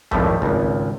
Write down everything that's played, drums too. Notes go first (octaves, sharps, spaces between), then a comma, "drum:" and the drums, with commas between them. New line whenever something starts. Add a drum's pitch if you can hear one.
G#1 F2 A2 F3 G3 A3, drum: tom C2
G#1 C#2, drum: kick